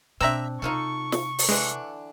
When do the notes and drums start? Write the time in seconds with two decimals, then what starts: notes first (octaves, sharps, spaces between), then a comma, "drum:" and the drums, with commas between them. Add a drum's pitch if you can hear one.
0.21 B2 C4 D4 E5 A#5 E6
0.62 C3 D#4 F4 A4 C#6
1.12 drum: snare
1.39 drum: open hi-hat
1.49 D3 E3 G#3 D4